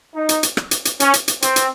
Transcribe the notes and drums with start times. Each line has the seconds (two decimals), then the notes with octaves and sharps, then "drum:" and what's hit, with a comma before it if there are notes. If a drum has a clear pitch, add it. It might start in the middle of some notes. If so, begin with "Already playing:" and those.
0.15 D#4
0.29 drum: hi-hat
0.43 drum: hi-hat
0.57 drum: rim click
0.71 drum: hi-hat
0.85 drum: hi-hat
1.00 C#4, drum: hi-hat
1.14 drum: hi-hat
1.28 drum: hi-hat
1.42 C4, drum: hi-hat
1.56 drum: hi-hat